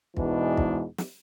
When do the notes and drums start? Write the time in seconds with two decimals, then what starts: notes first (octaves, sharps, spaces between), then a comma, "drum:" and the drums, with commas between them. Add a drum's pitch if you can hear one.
0.17 E2 G#2 B2 E3 G#3 D4, drum: kick
0.57 drum: kick
0.98 drum: snare